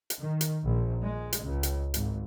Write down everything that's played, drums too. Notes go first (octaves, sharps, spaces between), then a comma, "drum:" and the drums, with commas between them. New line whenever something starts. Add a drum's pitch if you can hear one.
drum: hi-hat
D#3
drum: hi-hat
A#1
G#3
drum: hi-hat
C#2
drum: hi-hat
G#1, drum: hi-hat